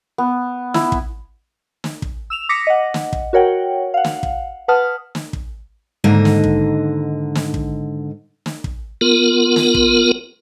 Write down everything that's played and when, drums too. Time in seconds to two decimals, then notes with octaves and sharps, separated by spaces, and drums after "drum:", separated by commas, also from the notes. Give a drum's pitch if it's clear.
0.18 B3
0.74 E4, drum: snare
0.92 drum: kick
1.84 drum: snare
2.02 drum: kick
2.30 E6 E7 F7
2.49 D6 D#6 A#6 B6 C#7
2.67 D#5 F#5
2.94 drum: snare
3.13 drum: kick
3.33 F#4 A#4 C#5 F#5 G5
3.94 F5 F#5
4.04 drum: snare
4.23 drum: kick
4.68 B4 F#5 A5 D#6 F6
5.15 drum: snare
5.33 drum: kick
6.04 G#2 D3 D#3 A#3 D#5
6.25 drum: snare
6.43 drum: kick
7.35 drum: snare
7.54 drum: kick
8.46 drum: snare
8.64 drum: kick
9.01 B3 F4 A#4
9.56 drum: snare
9.74 drum: kick